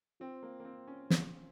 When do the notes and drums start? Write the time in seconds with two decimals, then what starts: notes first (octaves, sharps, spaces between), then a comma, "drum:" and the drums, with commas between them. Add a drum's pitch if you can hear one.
0.20 C4 F4 C5 G5
0.43 A#3
0.60 A#3
0.65 C4
0.87 C#4
1.10 drum: snare